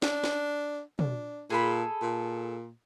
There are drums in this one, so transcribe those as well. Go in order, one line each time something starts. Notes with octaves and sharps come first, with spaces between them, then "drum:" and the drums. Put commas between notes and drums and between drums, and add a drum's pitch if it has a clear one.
D4, drum: snare
drum: snare
D4, drum: tom
A#2 G#4 A4 B5
A#2